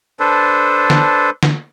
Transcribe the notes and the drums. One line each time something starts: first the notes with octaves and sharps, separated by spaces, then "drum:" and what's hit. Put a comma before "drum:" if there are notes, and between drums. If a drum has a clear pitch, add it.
D4 A4 B4 C5
drum: snare
drum: snare